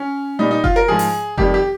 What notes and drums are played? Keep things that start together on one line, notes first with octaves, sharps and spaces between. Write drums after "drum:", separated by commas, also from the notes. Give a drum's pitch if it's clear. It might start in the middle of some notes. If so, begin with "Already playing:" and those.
Already playing: C#4
A#2 G3 D#4
D#4
F4, drum: kick F#1
A#4
G#2 F3 G#4
drum: open hi-hat
F2 D#3 G3 G4, drum: kick F#1
G4